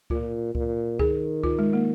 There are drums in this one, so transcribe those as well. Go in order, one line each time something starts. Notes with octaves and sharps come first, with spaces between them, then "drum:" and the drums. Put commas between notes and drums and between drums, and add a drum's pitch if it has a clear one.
A#2 F4, drum: kick C#2
A#2, drum: kick C#2
D#3 G#4, drum: kick C#2
F4, drum: kick C#2
G#3
A#3